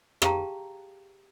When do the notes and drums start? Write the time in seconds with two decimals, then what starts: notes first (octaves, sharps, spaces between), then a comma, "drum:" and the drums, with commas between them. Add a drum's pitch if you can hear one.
0.22 G4 G#4 F5 G5 A5 A#5, drum: rim click